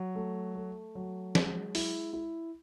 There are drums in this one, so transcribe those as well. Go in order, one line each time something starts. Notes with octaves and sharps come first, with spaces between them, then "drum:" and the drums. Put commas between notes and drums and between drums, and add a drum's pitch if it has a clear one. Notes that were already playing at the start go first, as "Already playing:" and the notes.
Already playing: F#3
A3
A3
F#3
G#3, drum: snare
E4, drum: open hi-hat
E4